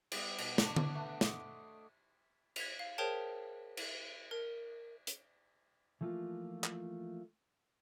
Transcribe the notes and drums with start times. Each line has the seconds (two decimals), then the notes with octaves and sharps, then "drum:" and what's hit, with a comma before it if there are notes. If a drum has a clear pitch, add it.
0.12 G3 B3, drum: cymbal
0.38 B2, drum: cymbal
0.58 D4 F#4 B4 D6, drum: snare
0.76 drum: tom D3
0.94 A3 B4
1.21 D#5 C6 D6, drum: snare
2.56 G#6 B6 F7, drum: cymbal
2.79 F5
2.98 G#4 A#4 C5 C#5 G5 A5
3.77 drum: cymbal
4.31 A#4
5.07 drum: hi-hat
6.01 E3 F3 A3 A#3 F4
6.64 drum: clap